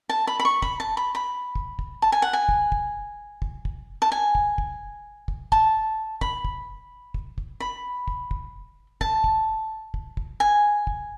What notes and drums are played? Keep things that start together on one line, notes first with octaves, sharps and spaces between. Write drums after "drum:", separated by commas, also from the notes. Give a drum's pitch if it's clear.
A5
B5
B5
C#6
B5, drum: kick
A5
B5
B5
drum: kick
drum: kick
A5
G#5
F#5
G#5
drum: kick
drum: kick
drum: kick
drum: kick
A5
G#5
drum: kick
drum: kick
drum: kick
A5, drum: kick
B5, drum: kick
drum: kick
drum: kick
drum: kick
B5
drum: kick
drum: kick
A5, drum: kick
drum: kick
drum: kick
drum: kick
G#5
drum: kick